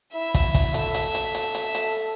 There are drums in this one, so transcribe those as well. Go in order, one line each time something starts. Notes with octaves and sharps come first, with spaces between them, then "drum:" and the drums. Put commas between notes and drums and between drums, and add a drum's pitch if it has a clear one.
E4 E5
drum: kick, hi-hat
drum: kick, hi-hat
A4, drum: hi-hat
drum: hi-hat
drum: hi-hat
drum: hi-hat
drum: hi-hat
drum: hi-hat